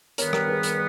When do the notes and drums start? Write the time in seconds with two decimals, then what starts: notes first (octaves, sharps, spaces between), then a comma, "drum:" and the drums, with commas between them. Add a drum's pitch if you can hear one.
0.18 G2 D#3 G3 B3 A#4 C#5, drum: hi-hat
0.33 G4 A#4, drum: rim click
0.48 G#4 B4
0.63 drum: hi-hat